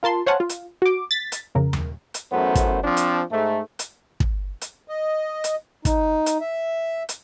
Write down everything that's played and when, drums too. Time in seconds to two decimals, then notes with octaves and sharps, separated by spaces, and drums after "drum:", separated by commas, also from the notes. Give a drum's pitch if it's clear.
0.03 F4 A#4 A5 C6
0.26 C5 C#5 F5 F#5 G#5 A5
0.40 F4
0.49 drum: hi-hat
0.82 F#4 D6
1.11 A6 B6
1.32 drum: hi-hat
1.55 F2 C#3 A#4
1.73 drum: tom D#2
2.14 drum: hi-hat
2.31 A1 F#2 A3 B3 C5
2.55 drum: kick, hi-hat
2.83 F3 C4 D4
2.97 drum: hi-hat
3.29 G#2 A3
3.79 drum: hi-hat
4.20 drum: kick
4.61 drum: hi-hat
4.88 D#5
5.44 drum: hi-hat
5.85 D#4, drum: kick, hi-hat
6.26 drum: hi-hat
6.41 E5
7.09 drum: hi-hat